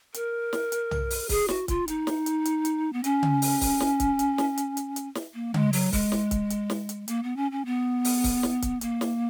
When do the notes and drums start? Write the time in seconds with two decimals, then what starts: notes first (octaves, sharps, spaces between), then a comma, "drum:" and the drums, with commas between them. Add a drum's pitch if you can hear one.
0.14 A#4, drum: hi-hat
0.53 drum: snare
0.72 drum: hi-hat
0.91 drum: tom
1.10 drum: open hi-hat
1.29 G#4, drum: kick C#1, open hi-hat
1.48 F#4, drum: snare
1.68 F4, drum: kick C#1, hi-hat
1.88 D#4, drum: hi-hat
2.07 drum: snare
2.26 drum: hi-hat
2.45 drum: hi-hat
2.65 drum: hi-hat
2.93 B3
3.04 C#4, drum: hi-hat
3.23 drum: tom C#3
3.42 drum: open hi-hat
3.61 drum: kick C#1, open hi-hat
3.80 drum: snare
4.00 drum: kick C#1, hi-hat
4.19 drum: hi-hat
4.38 drum: snare
4.58 drum: hi-hat
4.77 drum: hi-hat
4.96 drum: hi-hat
5.15 drum: snare
5.34 A#3
5.54 G#3, drum: tom C#3
5.73 F#3, drum: open hi-hat
5.92 G#3, drum: kick C#1, open hi-hat
6.12 drum: snare
6.31 drum: kick C#1, hi-hat
6.50 drum: hi-hat
6.70 drum: snare
6.89 drum: hi-hat
7.08 A#3, drum: hi-hat
7.23 B3
7.36 C#4
7.52 C#4
7.65 B3
8.05 drum: open hi-hat
8.24 drum: kick C#1, open hi-hat
8.43 drum: snare
8.62 drum: kick C#1, hi-hat
8.81 A#3, drum: hi-hat
9.01 drum: snare